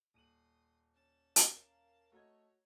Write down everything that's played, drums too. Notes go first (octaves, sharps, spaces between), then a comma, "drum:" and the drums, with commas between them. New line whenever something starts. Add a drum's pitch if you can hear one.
D#1 C6 D#6 D#7 F#7
C#4 A5
A#4 F5, drum: hi-hat
A3 F#4 C#5 D#5 A#5 G#6